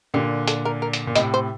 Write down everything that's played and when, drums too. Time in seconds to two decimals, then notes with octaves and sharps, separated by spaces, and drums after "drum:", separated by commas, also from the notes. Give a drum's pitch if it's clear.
0.14 A#2 D3 G4
0.48 A4, drum: hi-hat
0.65 A#4
0.82 A#4
0.93 drum: hi-hat
1.07 A#2
1.16 A2 C3 D#5, drum: hi-hat
1.34 C5